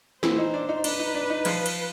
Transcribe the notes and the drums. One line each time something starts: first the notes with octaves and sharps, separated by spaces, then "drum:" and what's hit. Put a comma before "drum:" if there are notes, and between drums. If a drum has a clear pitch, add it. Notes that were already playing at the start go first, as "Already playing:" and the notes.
E3 E4 C5, drum: snare
D#4
D4
D#4
D4 B4, drum: cymbal
D#4
D4
D#4
F3 F4, drum: cymbal
drum: cymbal